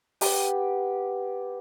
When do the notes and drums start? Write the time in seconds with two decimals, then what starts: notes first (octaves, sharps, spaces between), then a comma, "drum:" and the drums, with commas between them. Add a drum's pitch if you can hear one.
0.21 B3 G4, drum: open hi-hat